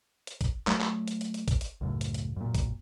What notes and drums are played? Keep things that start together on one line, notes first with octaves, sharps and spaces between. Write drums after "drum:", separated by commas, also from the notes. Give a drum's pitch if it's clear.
drum: hi-hat
drum: kick A#1, hi-hat
F#3 A3, drum: clap
drum: clap
drum: hi-hat
drum: hi-hat
drum: hi-hat
drum: kick A#1, hi-hat
drum: hi-hat
C#2 F#2 A2
drum: hi-hat
drum: hi-hat
F#2 A#2
drum: kick A#1, hi-hat